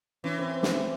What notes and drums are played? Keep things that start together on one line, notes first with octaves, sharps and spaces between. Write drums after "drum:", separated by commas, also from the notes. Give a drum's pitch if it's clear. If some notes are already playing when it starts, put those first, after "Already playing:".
E3 C#4
C4
drum: snare